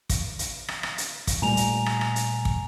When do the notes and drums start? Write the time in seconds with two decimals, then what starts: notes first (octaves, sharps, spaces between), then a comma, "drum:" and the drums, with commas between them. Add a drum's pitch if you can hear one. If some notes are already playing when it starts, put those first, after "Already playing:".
0.10 drum: kick, hi-hat
0.39 drum: hi-hat
0.68 drum: rim click
0.83 drum: rim click
0.98 drum: hi-hat
1.27 drum: kick, hi-hat
1.42 A#2 G3 A3 G#5 A#5 F7
1.57 drum: hi-hat
1.86 drum: rim click
2.01 drum: rim click
2.16 drum: hi-hat
2.45 drum: kick